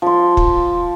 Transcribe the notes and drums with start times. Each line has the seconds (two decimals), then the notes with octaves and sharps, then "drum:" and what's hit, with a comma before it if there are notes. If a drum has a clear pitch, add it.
0.02 F3 C6
0.37 drum: kick